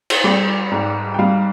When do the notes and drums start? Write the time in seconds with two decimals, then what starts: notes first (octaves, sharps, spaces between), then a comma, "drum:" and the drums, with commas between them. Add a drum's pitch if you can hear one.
0.10 drum: cymbal
0.24 G3 D5
0.71 G#2
1.14 G5
1.19 G3 F5